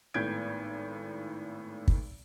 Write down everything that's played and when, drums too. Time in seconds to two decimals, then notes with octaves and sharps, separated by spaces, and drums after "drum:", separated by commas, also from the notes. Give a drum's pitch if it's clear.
0.14 G#1 A2 B3 G6 G#6 D7
1.88 drum: kick